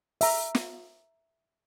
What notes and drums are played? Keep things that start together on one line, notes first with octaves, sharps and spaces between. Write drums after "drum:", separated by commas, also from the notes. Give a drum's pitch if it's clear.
E5 A#5, drum: open hi-hat
drum: snare